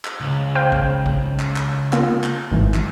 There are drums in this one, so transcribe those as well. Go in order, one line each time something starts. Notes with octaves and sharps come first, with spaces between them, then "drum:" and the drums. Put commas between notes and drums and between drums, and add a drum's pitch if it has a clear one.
drum: clap
C#2
C5 F5 G5
drum: kick
drum: kick
drum: clap
drum: clap
A#3 F4, drum: clap
drum: clap
G#1 E3
drum: clap